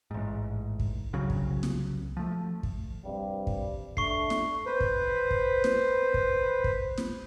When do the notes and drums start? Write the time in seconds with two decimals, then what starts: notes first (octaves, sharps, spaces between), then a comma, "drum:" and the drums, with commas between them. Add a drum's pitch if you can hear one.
0.11 A1 G#2
0.79 drum: kick
1.13 C2 C#3 F#3
1.30 drum: kick
1.63 drum: snare
2.17 F3 A3
2.63 drum: kick
3.05 G2 C3 G3
3.47 drum: kick
3.97 A3 D4 C#6 C7, drum: kick
4.30 drum: snare
4.66 B4 C5
4.80 drum: kick
5.31 drum: kick
5.64 drum: snare
6.14 drum: kick
6.64 drum: kick
6.98 drum: snare